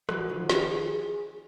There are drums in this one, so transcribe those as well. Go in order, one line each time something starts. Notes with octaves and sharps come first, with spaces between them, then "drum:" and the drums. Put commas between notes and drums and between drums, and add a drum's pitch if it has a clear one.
E3 F#3, drum: rim click
F#4
D#3 F3
G4, drum: snare
G#4
G#4
G#4